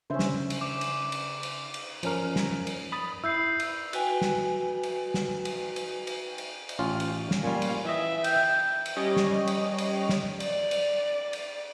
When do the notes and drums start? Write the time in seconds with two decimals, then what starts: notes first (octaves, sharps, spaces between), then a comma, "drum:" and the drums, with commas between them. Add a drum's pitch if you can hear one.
0.10 C#3 C#4 D4 C5 E5
0.19 drum: snare
0.50 drum: cymbal
0.61 D6
0.81 drum: cymbal
1.12 drum: cymbal
1.43 drum: cymbal
1.74 drum: cymbal
2.03 F3 C#4 A#4, drum: cymbal
2.36 drum: snare
2.67 drum: cymbal
2.92 B5 D#6 A6
3.24 E4 E6 G6 C7
3.60 drum: cymbal
3.93 F#4 B4 G5 G#5, drum: cymbal
4.22 drum: snare
4.83 drum: cymbal
5.14 drum: snare
5.45 drum: cymbal
5.76 drum: cymbal
6.07 drum: cymbal
6.38 drum: cymbal
6.69 drum: cymbal
6.79 A1 C#4 F4
7.00 drum: cymbal
7.31 drum: snare
7.43 A#2 G3 C#4 F4
7.62 drum: cymbal
7.85 E3 D#5 E5
8.24 G5, drum: cymbal
8.86 drum: cymbal
8.97 G3 C#4 G4 C#5 D#5
9.17 drum: snare
9.47 drum: cymbal
9.78 drum: cymbal
10.09 drum: snare
10.40 D5, drum: cymbal
10.71 drum: cymbal
11.33 drum: cymbal